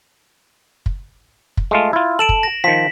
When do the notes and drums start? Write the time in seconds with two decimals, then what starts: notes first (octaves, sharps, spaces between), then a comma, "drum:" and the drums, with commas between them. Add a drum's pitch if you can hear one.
0.86 drum: kick
1.57 drum: kick
1.71 G#3 A3 F4
1.93 E4 F4
2.19 A4 D7 E7 F#7
2.29 drum: kick
2.43 A#6
2.64 D#3 F3 B6